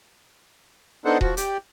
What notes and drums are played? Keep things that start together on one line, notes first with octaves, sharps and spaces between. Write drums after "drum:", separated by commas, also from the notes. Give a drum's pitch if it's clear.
B3 D4 D#4 A4 C5 F#5
F3 F#4, drum: kick D#1
G4 D5, drum: hi-hat